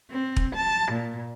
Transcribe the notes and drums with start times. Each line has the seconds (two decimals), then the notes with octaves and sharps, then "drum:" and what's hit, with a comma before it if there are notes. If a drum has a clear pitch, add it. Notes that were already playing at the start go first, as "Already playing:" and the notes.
0.11 C4
0.36 drum: kick E1
0.55 A5
0.91 A#2